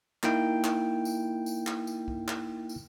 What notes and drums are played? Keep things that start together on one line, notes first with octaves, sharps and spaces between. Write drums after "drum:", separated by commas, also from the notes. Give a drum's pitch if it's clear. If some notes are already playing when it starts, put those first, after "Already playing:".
A#3 D#4 E4 G5, drum: clap
drum: clap
drum: tambourine
drum: tambourine
drum: clap
drum: tambourine
drum: kick
drum: clap
drum: tambourine